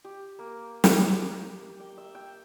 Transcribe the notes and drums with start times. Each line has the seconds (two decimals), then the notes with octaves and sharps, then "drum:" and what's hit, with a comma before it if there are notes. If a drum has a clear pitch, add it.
0.05 G4
0.39 A#3
0.84 drum: snare
0.96 G4
1.80 G5
1.98 E5
2.15 G5